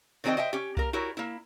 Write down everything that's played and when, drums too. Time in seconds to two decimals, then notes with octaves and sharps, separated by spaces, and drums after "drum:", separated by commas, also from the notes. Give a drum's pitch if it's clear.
0.24 D#3 F#3 C4 G4 D#5 G5
0.37 C5 D#5 E5 G5
0.53 C#4 G4
0.77 A#3 A#4, drum: kick C2
0.93 E4 F#4 G4 A#4 C#5
1.17 A#3 E4